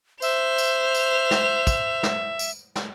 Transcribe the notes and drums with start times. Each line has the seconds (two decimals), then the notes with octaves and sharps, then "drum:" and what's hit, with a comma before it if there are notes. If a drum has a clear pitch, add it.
0.22 C5 E5 F7, drum: tambourine
0.58 drum: tambourine
0.94 drum: tambourine
1.31 drum: snare
1.67 drum: kick, tambourine
2.03 drum: snare
2.39 drum: tambourine
2.75 drum: snare